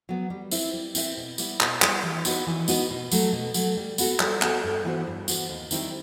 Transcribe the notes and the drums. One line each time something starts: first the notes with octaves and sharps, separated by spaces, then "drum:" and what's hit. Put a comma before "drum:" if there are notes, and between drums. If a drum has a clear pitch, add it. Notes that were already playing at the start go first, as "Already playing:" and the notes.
F#3 B3
G3
C4 E4 B4 E5, drum: tambourine
G3
C4 E4 B4 E5, drum: tambourine
B2
G3 B3 E4, drum: tambourine
B2, drum: clap
G3 B3 E4, drum: clap
E3
B3 D#4 F#4 B4, drum: tambourine
E3
B3 D#4 F#4 B4, drum: tambourine
B2
F#3 A3, drum: tambourine
B2
F#3 A3, drum: tambourine
G3
B3 F#4 A4, drum: tambourine
G3, drum: clap
B3 F#4 A4, drum: clap
G2
E3 B3 F#4 C5
G2
E3 B3 F#4 C5, drum: tambourine
D#2
D#3 G3 C4 E4, drum: tambourine